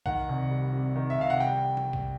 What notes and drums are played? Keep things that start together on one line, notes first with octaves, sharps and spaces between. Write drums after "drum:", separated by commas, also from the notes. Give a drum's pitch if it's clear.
D#3 F#5, drum: kick B1
C2
G3
C3
D#3
E5
C2 F5
F#5
G3 G5
drum: tom
drum: kick B1